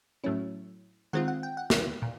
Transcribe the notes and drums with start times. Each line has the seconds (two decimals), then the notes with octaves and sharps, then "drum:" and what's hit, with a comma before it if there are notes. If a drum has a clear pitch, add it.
0.24 A2 F#3 A3 C#4 E4
1.13 D#3 G#3 C4 F4 F#5
1.28 F#5
1.43 G5
1.57 F#5
1.70 drum: snare
2.02 A#2